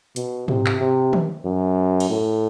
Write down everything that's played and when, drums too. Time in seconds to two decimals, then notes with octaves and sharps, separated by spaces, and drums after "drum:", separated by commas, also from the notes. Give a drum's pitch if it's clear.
0.16 B2, drum: hi-hat
0.48 C3, drum: tom G#2
0.66 drum: clap
0.80 C3
1.13 drum: tom D#3
1.45 F#2
2.00 drum: cymbal
2.09 A2